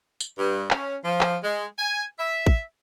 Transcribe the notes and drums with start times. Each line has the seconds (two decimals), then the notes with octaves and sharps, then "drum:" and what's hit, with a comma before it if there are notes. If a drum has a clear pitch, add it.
0.20 drum: tambourine
0.37 G2
0.71 C#4, drum: clap
1.04 F3
1.21 drum: clap
1.42 G#3
1.78 G#5
2.17 E5
2.46 drum: kick A1